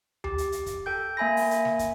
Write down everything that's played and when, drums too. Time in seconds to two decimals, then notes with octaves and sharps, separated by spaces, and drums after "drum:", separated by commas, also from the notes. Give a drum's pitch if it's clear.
0.24 G4, drum: tom D2
0.38 drum: hi-hat
0.52 drum: hi-hat
0.66 drum: kick, hi-hat
0.86 A4 G5 G6
1.17 A#3 E5 G#5 B5 A#6
1.37 drum: open hi-hat
1.51 drum: hi-hat
1.65 drum: snare
1.79 drum: kick, hi-hat